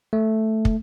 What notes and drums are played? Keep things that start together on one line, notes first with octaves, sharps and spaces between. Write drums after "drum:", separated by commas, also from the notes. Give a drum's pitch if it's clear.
A3
drum: kick